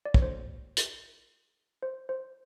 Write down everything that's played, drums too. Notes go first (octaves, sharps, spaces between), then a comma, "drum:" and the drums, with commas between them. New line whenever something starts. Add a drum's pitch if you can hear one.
D5
C#5, drum: kick
A#3 D4 F#4 A4 C5
drum: hi-hat
C5
C5